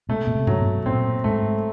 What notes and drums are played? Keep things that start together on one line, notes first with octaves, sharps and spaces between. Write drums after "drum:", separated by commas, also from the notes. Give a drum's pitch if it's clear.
B2 A3
B2
C3
F#3, drum: tom G2
B2
A#2 C4
G#2 A3